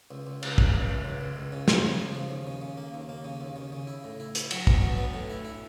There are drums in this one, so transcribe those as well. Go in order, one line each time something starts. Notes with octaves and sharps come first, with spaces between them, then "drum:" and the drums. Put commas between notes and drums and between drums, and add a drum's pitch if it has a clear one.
C#2
C#2
C#2, drum: cymbal
C#3, drum: kick
C#2
C#2
C#2
C#2
C#2
C#3
C#3, drum: snare
C#3
F3
C#3
D#2
C#3
C#3
A#3
D#2
A#3
C#3
D#2
C#3
C#3
E4
A2
E4
E4, drum: hi-hat
F#3, drum: cymbal
B3, drum: kick
F#3
B3
A2
E4
E4